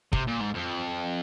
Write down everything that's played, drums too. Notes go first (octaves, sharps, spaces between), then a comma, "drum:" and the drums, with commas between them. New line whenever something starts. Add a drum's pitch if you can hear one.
C3, drum: kick
A#2
G#2
F2